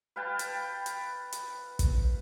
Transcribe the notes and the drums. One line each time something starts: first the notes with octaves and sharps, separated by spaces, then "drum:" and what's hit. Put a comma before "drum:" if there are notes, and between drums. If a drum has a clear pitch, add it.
B4 F5 G5 A5
drum: hi-hat
drum: hi-hat
drum: hi-hat
drum: kick, hi-hat